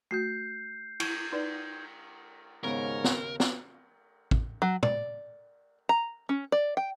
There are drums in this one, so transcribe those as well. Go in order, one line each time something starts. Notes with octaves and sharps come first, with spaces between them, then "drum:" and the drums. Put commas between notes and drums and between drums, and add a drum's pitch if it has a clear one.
A3 F#4 G6 C7
E4 G6 G#6, drum: cymbal
D#4 B4 D5
D#2 G#2 C#3 B3 A#4 C#5
drum: snare
drum: snare
drum: kick
F#3
D5, drum: tom
A#5
C#4
D5
G5